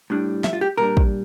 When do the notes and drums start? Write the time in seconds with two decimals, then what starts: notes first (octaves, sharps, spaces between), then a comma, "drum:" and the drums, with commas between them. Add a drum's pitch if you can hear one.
0.10 A2 G3 D4
0.44 E5, drum: snare
0.53 F4
0.61 G4
0.78 A#2 G3 D4 A#4
0.97 drum: kick